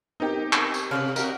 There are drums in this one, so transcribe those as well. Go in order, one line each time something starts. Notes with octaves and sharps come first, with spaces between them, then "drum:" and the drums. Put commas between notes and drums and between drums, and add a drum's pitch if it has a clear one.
B3 C4 D#4 G4 A#4
drum: clap
drum: tambourine
C3 B4 C#5 F5
F#4 G4 A#4 D#5 F5, drum: tambourine